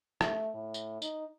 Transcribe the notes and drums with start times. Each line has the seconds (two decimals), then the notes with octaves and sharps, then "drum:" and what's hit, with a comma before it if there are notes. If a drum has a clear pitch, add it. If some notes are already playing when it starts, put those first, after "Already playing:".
0.21 A3, drum: rim click
0.54 A2
0.74 drum: tambourine
1.02 D#4, drum: tambourine